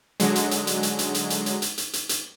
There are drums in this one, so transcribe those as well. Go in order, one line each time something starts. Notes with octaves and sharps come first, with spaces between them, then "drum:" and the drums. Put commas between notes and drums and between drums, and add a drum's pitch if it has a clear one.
D3 F#3 G#3, drum: hi-hat
drum: hi-hat
drum: hi-hat
drum: hi-hat
drum: hi-hat
drum: hi-hat
drum: hi-hat
drum: hi-hat
drum: hi-hat
drum: hi-hat
drum: hi-hat
drum: hi-hat
drum: hi-hat